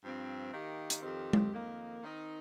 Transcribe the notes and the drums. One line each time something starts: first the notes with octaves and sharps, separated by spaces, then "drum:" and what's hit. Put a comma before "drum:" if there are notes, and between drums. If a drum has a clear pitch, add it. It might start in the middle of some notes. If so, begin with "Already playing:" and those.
G2 F3 C4
D#3 A#3 D#4 G4
drum: hi-hat
F2 D#3 C4 G4
drum: tom G#3
F2 D#3 A#3
D#3 C4 D#4 A#4